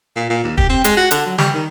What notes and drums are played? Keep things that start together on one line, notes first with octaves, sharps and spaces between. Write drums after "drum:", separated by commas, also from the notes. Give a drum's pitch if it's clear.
A#2
A#2
D#2
G4, drum: kick
C4
G#3, drum: hi-hat
F#4
D3, drum: hi-hat
F#3
G3, drum: snare
D#3